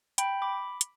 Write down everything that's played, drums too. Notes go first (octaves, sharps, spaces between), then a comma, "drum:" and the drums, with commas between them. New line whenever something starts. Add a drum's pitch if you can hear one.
G5 B5, drum: hi-hat
B5 D6
drum: hi-hat